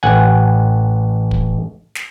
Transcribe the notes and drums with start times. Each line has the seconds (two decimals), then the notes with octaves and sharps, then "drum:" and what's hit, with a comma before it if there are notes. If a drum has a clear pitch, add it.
0.03 A1 F#5 G#5
1.31 drum: kick
1.95 drum: snare